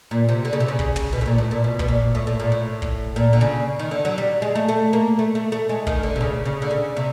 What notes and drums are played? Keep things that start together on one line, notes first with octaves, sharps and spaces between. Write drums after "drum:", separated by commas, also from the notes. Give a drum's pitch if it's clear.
A#2
C3
D3
C#3
C3
C#3
drum: kick
drum: tom
B2
A2
A#2
A2
A#2
B2
B2, drum: kick
A#2
A2
A2
A#2
A2
drum: kick
A#2
D3
C#3
D#3
D3
F#3
G3
G#3
A3
A3
A#3
A3
A3
A3
G#3
D#3, drum: kick
D3
C3
C#3
C#3
D3
C#3
C3